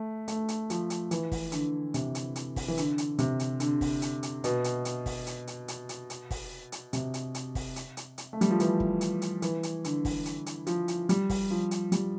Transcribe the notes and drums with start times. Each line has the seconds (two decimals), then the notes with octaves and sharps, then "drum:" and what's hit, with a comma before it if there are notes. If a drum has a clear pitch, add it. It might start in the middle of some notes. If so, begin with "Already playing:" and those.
Already playing: A3
0.28 A3, drum: hi-hat
0.48 drum: hi-hat
0.70 F3, drum: hi-hat
0.90 drum: hi-hat
1.11 E3, drum: hi-hat
1.32 drum: kick, open hi-hat
1.52 D3, drum: hi-hat
1.94 C3, drum: hi-hat
2.15 drum: hi-hat
2.36 drum: hi-hat
2.56 drum: kick, open hi-hat
2.68 E3
2.78 D3, drum: hi-hat
2.98 drum: hi-hat
3.18 C3, drum: hi-hat
3.40 drum: hi-hat
3.60 D3, drum: hi-hat
3.81 drum: kick, open hi-hat
4.02 drum: hi-hat
4.23 drum: hi-hat
4.44 B2, drum: hi-hat
4.64 drum: hi-hat
4.85 drum: hi-hat
5.06 drum: kick, open hi-hat
5.27 drum: hi-hat
5.47 drum: hi-hat
5.68 drum: hi-hat
5.89 drum: hi-hat
6.10 drum: hi-hat
6.31 drum: kick, open hi-hat
6.72 drum: hi-hat
6.93 C3, drum: hi-hat
7.14 drum: hi-hat
7.35 drum: hi-hat
7.55 drum: kick, open hi-hat
7.76 drum: hi-hat
7.97 drum: hi-hat
8.18 drum: hi-hat
8.33 A3
8.41 G3, drum: hi-hat
8.50 F3
8.60 E3, drum: hi-hat
8.80 drum: kick
9.01 drum: hi-hat
9.22 drum: hi-hat
9.42 E3, drum: hi-hat
9.63 drum: hi-hat
9.84 D3, drum: hi-hat
10.05 drum: kick, open hi-hat
10.26 drum: hi-hat
10.46 drum: hi-hat
10.67 F3, drum: hi-hat
10.88 drum: hi-hat
11.09 G3, drum: hi-hat
11.30 drum: kick, open hi-hat
11.50 F3
11.71 drum: hi-hat
11.92 G3, drum: hi-hat